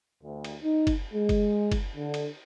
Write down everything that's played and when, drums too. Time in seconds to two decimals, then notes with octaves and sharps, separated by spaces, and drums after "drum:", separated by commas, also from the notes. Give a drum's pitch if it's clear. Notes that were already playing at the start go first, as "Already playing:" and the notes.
0.23 D2
0.44 drum: cymbal
0.63 D#4
0.87 drum: kick F#1, cymbal
1.13 G#3
1.29 drum: kick F#1, cymbal
1.72 drum: kick F#1, cymbal
1.96 D3
2.14 drum: cymbal